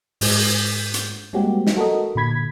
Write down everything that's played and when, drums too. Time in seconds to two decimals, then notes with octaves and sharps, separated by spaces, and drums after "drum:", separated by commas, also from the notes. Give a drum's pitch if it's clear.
0.21 G#2 G#3 G6, drum: open hi-hat
0.94 drum: hi-hat
1.33 G3 G#3 A#3 C4 F#4 G4
1.67 drum: snare
1.77 F#4 A4 A#4 D#5
2.15 A#2 D3 B5 G#6 B6